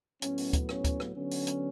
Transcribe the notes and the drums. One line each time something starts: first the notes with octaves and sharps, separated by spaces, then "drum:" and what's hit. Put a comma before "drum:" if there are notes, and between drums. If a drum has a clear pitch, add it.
A2 F#3 B3 C#4, drum: hi-hat
drum: open hi-hat
drum: kick D2, hi-hat
C#4, drum: rim click
drum: kick D2, hi-hat
drum: rim click
D3 F#3 B3 C#4
drum: open hi-hat
drum: hi-hat